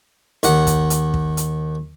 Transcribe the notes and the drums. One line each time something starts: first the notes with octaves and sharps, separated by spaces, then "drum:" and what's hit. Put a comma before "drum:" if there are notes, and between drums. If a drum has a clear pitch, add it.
D#2 F#5, drum: hi-hat
drum: kick, hi-hat
drum: hi-hat
drum: kick
drum: hi-hat